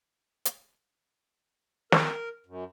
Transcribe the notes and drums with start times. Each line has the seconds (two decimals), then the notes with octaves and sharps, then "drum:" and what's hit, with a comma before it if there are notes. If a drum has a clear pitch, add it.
0.45 drum: hi-hat
1.92 A#4, drum: snare
2.46 F#2